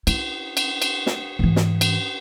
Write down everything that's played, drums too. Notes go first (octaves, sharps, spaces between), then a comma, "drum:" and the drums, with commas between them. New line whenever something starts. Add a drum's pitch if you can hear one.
E4, drum: cymbal
drum: cymbal
drum: cymbal
drum: snare
G#2 E3
drum: snare
drum: cymbal